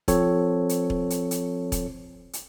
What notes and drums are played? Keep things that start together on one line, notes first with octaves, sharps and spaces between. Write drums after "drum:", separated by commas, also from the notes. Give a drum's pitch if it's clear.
F3 C4 A4 C#5, drum: kick E1, hi-hat
drum: hi-hat
drum: kick E1
drum: hi-hat
drum: hi-hat
drum: kick E1, hi-hat
drum: hi-hat